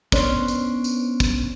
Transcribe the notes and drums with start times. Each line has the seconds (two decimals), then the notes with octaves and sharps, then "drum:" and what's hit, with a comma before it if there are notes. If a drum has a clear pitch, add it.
0.12 B3 C#4 D4 C5, drum: kick, tambourine
0.48 drum: tambourine
0.84 drum: tambourine
1.20 drum: kick, tambourine